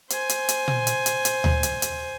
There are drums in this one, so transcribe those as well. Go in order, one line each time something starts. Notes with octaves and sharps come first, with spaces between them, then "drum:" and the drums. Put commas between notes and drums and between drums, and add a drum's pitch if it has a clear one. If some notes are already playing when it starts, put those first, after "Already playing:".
C5 G#5, drum: hi-hat
drum: hi-hat
drum: hi-hat
drum: tom A#2
drum: hi-hat
drum: hi-hat
drum: hi-hat
drum: tom D2
drum: hi-hat
drum: hi-hat